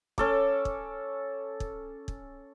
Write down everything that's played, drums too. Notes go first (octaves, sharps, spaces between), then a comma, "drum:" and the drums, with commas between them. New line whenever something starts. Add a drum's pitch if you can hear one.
C#4 A4 D6, drum: kick
drum: kick
drum: kick
drum: kick